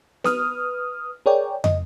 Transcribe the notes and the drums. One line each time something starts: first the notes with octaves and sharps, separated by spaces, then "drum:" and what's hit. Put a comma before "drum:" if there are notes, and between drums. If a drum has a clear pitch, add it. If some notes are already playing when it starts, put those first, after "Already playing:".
B4 D#6 F6, drum: snare B3
G#4 A#4 C#5 D5 G5
D#5, drum: tom